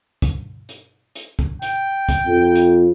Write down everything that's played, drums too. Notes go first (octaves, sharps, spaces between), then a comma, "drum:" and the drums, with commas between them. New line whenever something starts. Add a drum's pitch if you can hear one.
drum: kick, hi-hat
drum: hi-hat
drum: hi-hat
drum: kick
G5, drum: hi-hat
drum: kick, hi-hat
F2
drum: hi-hat